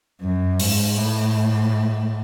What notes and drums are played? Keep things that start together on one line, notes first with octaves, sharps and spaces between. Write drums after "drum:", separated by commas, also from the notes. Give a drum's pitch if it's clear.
F#2
G#2, drum: open hi-hat
A2